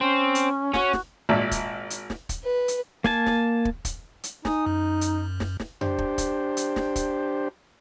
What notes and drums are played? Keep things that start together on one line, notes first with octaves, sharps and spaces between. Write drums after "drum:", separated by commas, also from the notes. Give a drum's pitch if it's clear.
C4 C#4
drum: hi-hat
C#4 F#4, drum: snare
drum: snare
G#1 A#2 E5
drum: kick, hi-hat
drum: hi-hat
drum: snare
drum: kick, hi-hat
B4
drum: hi-hat
A#3 G#5 A5, drum: snare
drum: snare
drum: kick
drum: kick, hi-hat
drum: hi-hat
D#4 G#5 D#6, drum: snare
F#2
drum: hi-hat
drum: snare
drum: snare
D4 G4 C5, drum: tom F2
drum: kick
drum: kick, hi-hat
drum: hi-hat
drum: snare
drum: kick, hi-hat